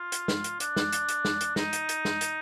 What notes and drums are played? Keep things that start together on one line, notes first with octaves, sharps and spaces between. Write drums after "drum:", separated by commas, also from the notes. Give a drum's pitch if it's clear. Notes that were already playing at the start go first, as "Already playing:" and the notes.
Already playing: F4
drum: hi-hat
drum: snare
drum: hi-hat
D4, drum: hi-hat
drum: snare
drum: hi-hat
drum: hi-hat
drum: snare
drum: hi-hat
D#4, drum: snare
drum: hi-hat
drum: hi-hat
drum: snare
drum: hi-hat